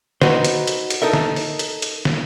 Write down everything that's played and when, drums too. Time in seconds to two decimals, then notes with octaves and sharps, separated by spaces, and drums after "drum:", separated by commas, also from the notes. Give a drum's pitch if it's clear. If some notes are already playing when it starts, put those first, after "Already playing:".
0.22 D#4 F#4 B4 C5, drum: snare
0.44 drum: hi-hat
0.67 drum: hi-hat
0.90 drum: hi-hat
1.02 D#4 A4 A#4 E5
1.13 drum: snare
1.36 drum: open hi-hat
1.59 drum: hi-hat
1.82 drum: hi-hat
2.05 drum: snare